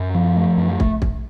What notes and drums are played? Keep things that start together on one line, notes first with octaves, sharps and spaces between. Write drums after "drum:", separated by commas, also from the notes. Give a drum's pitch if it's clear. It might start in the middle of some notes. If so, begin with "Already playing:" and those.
Already playing: F#2
F3
A3
F#2
drum: kick
drum: kick